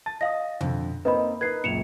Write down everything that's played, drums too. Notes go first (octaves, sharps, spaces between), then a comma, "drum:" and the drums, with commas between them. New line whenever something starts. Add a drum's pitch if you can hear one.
A5 A6
D#5 F5 D#6 A#6
F2 D3, drum: tom B2
A#3 C4 D#4 B4 D#5 B5
D#4 A#4 B4 G#6 C7
C#2 F#2 A#2 C#7 E7 F7